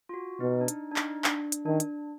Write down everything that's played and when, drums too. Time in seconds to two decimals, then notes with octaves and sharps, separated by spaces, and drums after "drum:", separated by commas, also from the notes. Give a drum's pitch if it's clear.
0.09 F4
0.14 F#4
0.40 B2 D#4
0.61 D4
0.68 D#4, drum: hi-hat
0.91 D4
0.96 D#4, drum: clap
1.24 D4, drum: clap
1.52 drum: hi-hat
1.66 D#3 D4
1.80 drum: hi-hat